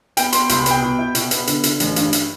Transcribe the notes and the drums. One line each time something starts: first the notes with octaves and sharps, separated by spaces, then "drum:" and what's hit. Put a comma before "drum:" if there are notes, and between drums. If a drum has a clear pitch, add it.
B3 G5, drum: hi-hat
B3 C6, drum: hi-hat
C2 C6, drum: hi-hat
B5
B3 G5, drum: hi-hat
B2
E4
B2, drum: hi-hat
B3, drum: hi-hat
D3, drum: hi-hat
D3, drum: hi-hat
A1, drum: hi-hat
G2, drum: hi-hat
drum: hi-hat